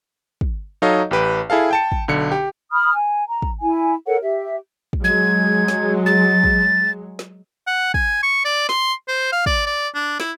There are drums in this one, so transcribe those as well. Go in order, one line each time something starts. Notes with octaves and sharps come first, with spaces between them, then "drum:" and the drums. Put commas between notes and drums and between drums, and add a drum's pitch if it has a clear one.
drum: kick
F#3 D#4 A4 C#5 D#5 F5
A1 G4 B4 G5
E4 G#4 A4 F5
G5 A5 C#7
drum: kick
B1 D3 C#7
G4
B5 D#6 F6
G#5
A#5
drum: kick
E4 G#5
A4 A#4 C#5 F#5
G4 E5
drum: kick
F#3 G#3 G#6
drum: snare
A6
drum: kick
drum: snare
F#5
G#5, drum: kick
C#6
D5
C6, drum: snare
C5
F5
D5, drum: kick
D5
D4
E4, drum: snare